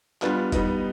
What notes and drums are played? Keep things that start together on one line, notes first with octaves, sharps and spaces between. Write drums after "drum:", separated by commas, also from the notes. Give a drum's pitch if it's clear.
G3 B3 D4 F4, drum: clap
G3 B3 D#4, drum: kick F1, hi-hat